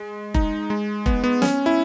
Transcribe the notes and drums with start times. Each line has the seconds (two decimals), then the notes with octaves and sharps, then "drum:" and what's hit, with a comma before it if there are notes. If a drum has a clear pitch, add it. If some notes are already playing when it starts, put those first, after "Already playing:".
Already playing: G#3
0.34 D#4, drum: kick F1
0.70 G#3
1.06 B3, drum: kick F1
1.24 B3
1.42 C#4, drum: snare
1.66 E4